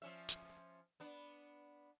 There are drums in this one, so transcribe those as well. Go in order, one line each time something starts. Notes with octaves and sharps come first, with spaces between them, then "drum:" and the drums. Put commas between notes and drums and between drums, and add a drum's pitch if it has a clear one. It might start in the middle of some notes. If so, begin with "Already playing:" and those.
F3 C#4 E5
drum: hi-hat
B3 D4